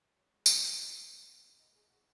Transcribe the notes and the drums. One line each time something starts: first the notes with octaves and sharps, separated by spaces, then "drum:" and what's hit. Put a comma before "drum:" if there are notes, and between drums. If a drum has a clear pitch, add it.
F#3
G#3
drum: tambourine
A#3
B3
B3
D#4
G#4
F#4